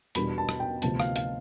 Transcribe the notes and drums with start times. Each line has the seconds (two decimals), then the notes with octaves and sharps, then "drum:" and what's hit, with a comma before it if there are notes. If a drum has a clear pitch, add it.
0.15 E2 B2 G3 B3 D4 B5, drum: hi-hat
0.38 A5
0.49 drum: rim click
0.60 G5
0.82 D2 C3 F3 B3 A5, drum: hi-hat
1.00 F5, drum: rim click
1.16 F5, drum: hi-hat